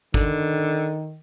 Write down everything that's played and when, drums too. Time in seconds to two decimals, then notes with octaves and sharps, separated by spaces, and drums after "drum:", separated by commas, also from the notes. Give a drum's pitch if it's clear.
0.14 D3 D#3, drum: kick